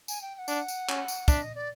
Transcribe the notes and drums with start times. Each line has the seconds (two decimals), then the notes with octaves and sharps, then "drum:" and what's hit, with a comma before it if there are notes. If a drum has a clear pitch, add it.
0.08 G#5, drum: tambourine
0.22 G5
0.35 G5
0.38 F#5
0.48 D4, drum: tambourine
0.68 drum: tambourine
0.89 C#4, drum: clap
1.08 drum: tambourine
1.28 D4 E5, drum: kick, tambourine
1.42 D#5
1.55 D5